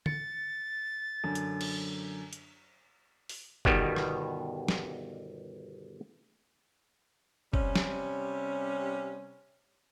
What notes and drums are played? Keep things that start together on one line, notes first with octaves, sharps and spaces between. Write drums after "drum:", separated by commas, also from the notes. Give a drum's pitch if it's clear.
A6 C#7, drum: tom D3
F#2 D3
drum: hi-hat
drum: cymbal
drum: hi-hat
drum: open hi-hat
G1 B2 D#3 G3 B3, drum: kick F#1
drum: rim click
drum: snare
C3 G3 C#4, drum: kick F#1
drum: snare